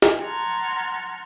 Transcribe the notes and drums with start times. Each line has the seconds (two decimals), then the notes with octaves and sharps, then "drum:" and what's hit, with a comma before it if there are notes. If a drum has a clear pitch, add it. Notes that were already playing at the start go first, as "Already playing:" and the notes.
0.02 drum: snare
0.23 F#5 A5 A#5 C6 F6 G#6